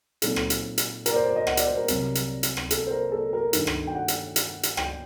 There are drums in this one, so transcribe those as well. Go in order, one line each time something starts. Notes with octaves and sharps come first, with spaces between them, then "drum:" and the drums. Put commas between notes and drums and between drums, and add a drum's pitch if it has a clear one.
A#2 F#3 C4 D#4 A4, drum: hi-hat
drum: rim click
drum: hi-hat
drum: hi-hat
A#4, drum: hi-hat
D5
C5
D5
D#5
F#5, drum: rim click
D5, drum: hi-hat
C5
A#4
C2 C3 F#3, drum: hi-hat
drum: hi-hat
drum: hi-hat
drum: rim click
A4, drum: hi-hat
C5
A#4
A4
A#4
G2 D#3 A3 D#4, drum: hi-hat
drum: rim click
G5
F#5
drum: hi-hat
drum: hi-hat
drum: hi-hat
G5, drum: rim click